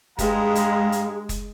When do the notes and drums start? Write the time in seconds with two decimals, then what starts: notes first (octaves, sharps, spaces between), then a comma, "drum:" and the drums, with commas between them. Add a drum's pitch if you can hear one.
0.19 G2 G#3 F5 A#5, drum: kick, hi-hat
0.55 drum: hi-hat
0.92 drum: hi-hat
1.29 drum: kick, hi-hat